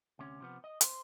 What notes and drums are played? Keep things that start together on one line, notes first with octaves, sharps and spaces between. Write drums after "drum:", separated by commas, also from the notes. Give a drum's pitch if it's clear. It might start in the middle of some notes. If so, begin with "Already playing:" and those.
D2 C3 C#4
C3 F3 B3
D#5
C5, drum: hi-hat